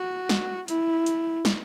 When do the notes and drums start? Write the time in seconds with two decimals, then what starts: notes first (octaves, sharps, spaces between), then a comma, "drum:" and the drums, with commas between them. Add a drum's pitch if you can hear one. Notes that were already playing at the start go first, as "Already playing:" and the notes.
Already playing: F#4
0.29 drum: snare
0.68 E4, drum: hi-hat
1.06 drum: hi-hat
1.45 drum: snare